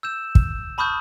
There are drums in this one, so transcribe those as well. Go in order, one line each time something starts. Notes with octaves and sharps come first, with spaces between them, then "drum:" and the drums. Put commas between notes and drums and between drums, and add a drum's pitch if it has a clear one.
E6 G6 E7
drum: kick
A5 B5 C#6 D#6 F6 G6